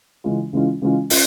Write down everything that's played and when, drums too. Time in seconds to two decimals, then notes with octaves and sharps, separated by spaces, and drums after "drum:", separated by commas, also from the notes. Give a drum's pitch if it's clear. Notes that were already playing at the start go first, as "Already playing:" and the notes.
0.24 C#3 E3 G#3 C#4 F4
0.53 C#3 E3 G#3 C#4 F4
0.82 C#3 E3 G#3 C#4 F4
1.10 C#4 F4, drum: open hi-hat